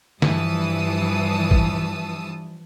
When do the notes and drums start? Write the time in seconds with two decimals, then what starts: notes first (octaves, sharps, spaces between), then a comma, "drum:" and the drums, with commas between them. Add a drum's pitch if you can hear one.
0.22 G2 E3 F3 A5 D#6 E6, drum: snare
1.51 drum: kick